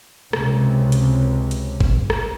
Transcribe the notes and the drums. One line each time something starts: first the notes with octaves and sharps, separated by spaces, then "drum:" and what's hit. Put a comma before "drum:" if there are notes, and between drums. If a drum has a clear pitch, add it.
C#2 C3, drum: rim click
drum: hi-hat
drum: hi-hat
drum: kick G#1
drum: rim click